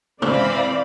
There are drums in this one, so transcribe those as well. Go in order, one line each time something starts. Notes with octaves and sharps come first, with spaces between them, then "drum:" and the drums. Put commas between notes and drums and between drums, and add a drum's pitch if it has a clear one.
E3 C4 C5 D5 F5 B5, drum: tom